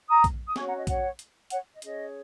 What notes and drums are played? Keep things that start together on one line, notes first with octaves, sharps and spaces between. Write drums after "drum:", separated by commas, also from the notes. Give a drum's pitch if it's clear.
A#5 D#6
drum: kick A#1, hi-hat
D#6
C#4 F#4 C#5 G#5 C#6, drum: snare C4
F#5 A#5
D#5
C#5 F#5, drum: kick A#1, hi-hat
drum: hi-hat
C#5 F#5, drum: hi-hat
D#5
C#4 G#4 C#5 D#5, drum: hi-hat